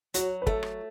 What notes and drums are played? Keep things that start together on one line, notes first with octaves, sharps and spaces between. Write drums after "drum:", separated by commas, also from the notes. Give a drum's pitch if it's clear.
F#3 F#4, drum: hi-hat
B4
A3 A4, drum: kick
drum: rim click